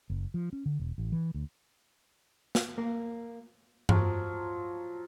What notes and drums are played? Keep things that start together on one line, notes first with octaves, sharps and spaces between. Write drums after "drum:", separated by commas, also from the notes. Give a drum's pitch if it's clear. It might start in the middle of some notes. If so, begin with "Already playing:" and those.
F#1
F3
C#4
D3
E1
A1
E3
D2
drum: snare
A#3
F3 F#3 F4, drum: tom G2